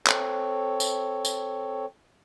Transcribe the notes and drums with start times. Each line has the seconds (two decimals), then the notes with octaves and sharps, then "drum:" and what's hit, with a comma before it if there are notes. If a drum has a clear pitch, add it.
0.07 C4 A4 C#5, drum: clap
0.80 drum: tambourine
1.25 drum: tambourine